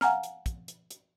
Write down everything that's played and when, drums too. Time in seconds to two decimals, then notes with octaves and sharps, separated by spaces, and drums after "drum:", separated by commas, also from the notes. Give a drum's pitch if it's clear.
0.01 F5 F#5 G#5 A#5 F6, drum: snare
0.23 drum: hi-hat
0.46 drum: kick, hi-hat
0.68 drum: hi-hat
0.91 drum: hi-hat